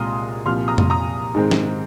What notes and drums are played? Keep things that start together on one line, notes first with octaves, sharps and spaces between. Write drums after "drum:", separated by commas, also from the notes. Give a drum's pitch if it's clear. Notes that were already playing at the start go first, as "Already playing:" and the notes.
Already playing: C2 A#2 G#3 A#5 C6 D#6 F6
C2 A#2 F3 C6 F6
A#5 D#6
drum: tom F2
A#5 D#6
G#2 D#3 G#3 C4
drum: snare